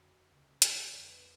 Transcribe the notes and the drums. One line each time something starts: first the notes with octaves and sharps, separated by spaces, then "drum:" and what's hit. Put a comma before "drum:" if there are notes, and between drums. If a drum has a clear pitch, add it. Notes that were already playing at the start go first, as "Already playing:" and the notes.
Already playing: F2 D3 F#4
D2 C#3
C#5, drum: hi-hat
D5
F2 D3 C#5
B4